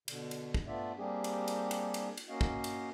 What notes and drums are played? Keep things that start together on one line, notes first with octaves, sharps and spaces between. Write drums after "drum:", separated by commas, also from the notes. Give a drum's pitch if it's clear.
B2 D3, drum: cymbal
drum: cymbal
drum: kick
A3 B3 D4 F4 D5 E5
G3 A#3 C4 D4 G4 G#4
drum: cymbal
drum: cymbal
drum: cymbal
drum: cymbal
drum: cymbal
A#3 C#4 F#4 D#5 F5
drum: kick
drum: cymbal